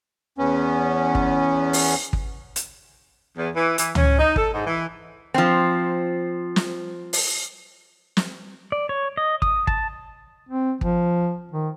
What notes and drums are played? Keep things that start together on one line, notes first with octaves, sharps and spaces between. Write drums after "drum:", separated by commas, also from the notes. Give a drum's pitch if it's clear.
E2 B3 C#4
drum: kick
drum: open hi-hat
drum: kick
drum: hi-hat
E2
E3
E3, drum: hi-hat
C#4, drum: tom C#2
D#4
A4, drum: kick
G#2
E3
F3 C4
drum: snare
drum: open hi-hat
drum: snare
D5
C#5
D#5
D#6, drum: kick
A5, drum: kick
C4
F3, drum: kick
D#3